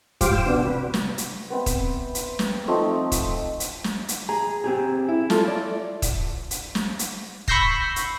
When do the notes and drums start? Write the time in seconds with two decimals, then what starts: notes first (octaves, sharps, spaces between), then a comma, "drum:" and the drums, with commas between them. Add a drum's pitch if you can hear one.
0.21 G#2 F3 G4 C5 F5 D6, drum: kick, hi-hat
0.33 G5 E6
0.46 C3 B3 D4 F#4
0.66 B4
0.94 drum: snare
1.18 drum: hi-hat
1.50 B3 C4 E5
1.66 drum: kick, hi-hat
2.15 drum: hi-hat
2.39 drum: snare
2.68 F3 A3 C4 D#4
3.12 drum: kick, hi-hat
3.60 drum: hi-hat
3.84 drum: snare
4.08 drum: hi-hat
4.29 G#4 A#5
4.64 C4 G4 G#4
5.08 E4
5.30 F4 A4 D5, drum: snare
5.48 D5
6.02 drum: kick, hi-hat
6.51 drum: hi-hat
6.75 drum: snare
6.99 drum: hi-hat
7.48 B5 C#6 E6 G6 A#6 C7, drum: kick
7.96 drum: hi-hat